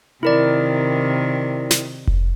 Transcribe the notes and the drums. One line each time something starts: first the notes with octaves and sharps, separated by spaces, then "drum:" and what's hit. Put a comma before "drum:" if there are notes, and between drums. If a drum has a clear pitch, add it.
C3 D#3 E4 A#4 D5
drum: snare
drum: kick F1